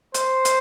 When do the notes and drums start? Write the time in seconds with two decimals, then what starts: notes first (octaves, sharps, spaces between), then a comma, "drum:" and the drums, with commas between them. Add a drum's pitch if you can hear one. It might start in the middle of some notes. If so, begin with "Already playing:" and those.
0.14 C5, drum: hi-hat
0.45 drum: hi-hat